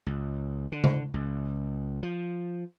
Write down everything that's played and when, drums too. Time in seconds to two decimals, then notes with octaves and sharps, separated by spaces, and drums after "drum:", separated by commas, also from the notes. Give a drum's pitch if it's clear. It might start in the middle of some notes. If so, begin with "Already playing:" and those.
0.06 C#2
0.72 D3
0.84 drum: tom C#3
1.14 C#2
2.03 F3